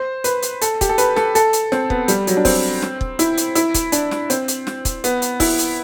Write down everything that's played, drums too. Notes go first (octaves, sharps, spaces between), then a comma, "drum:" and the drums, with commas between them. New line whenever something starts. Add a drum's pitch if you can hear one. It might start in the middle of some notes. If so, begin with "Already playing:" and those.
Already playing: C5
B4, drum: hi-hat
drum: hi-hat
A4, drum: hi-hat
G4, drum: kick, hi-hat
A4
B4, drum: hi-hat
A4, drum: snare
A4, drum: hi-hat
drum: hi-hat
C4, drum: snare
B3, drum: kick
G3, drum: hi-hat
F#3, drum: hi-hat
D4
C4, drum: kick, open hi-hat
drum: snare
drum: kick
E4, drum: hi-hat
drum: hi-hat
E4, drum: hi-hat
drum: kick, hi-hat
D4, drum: hi-hat
drum: snare
C4, drum: hi-hat
drum: hi-hat
drum: snare
drum: kick, hi-hat
B3, drum: hi-hat
drum: hi-hat
E4, drum: kick, open hi-hat
drum: hi-hat